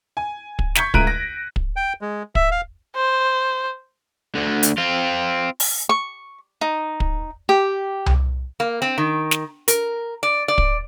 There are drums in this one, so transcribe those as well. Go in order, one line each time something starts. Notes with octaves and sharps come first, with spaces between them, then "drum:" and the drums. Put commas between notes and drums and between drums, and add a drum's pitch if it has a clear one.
G#5
drum: kick
C#6 G6 G#6 B6 C#7, drum: snare
C#2 A3 A#5 F#6 D7 D#7, drum: kick
A#6
drum: kick
G5
G#3
E5, drum: kick
F5
C5
D2 D3
drum: hi-hat
C4 F4
drum: open hi-hat
C#6
D#4
drum: kick
G4
drum: tom C2
A#3
C4
D#3
drum: snare
A#4, drum: hi-hat
D5
D5
drum: kick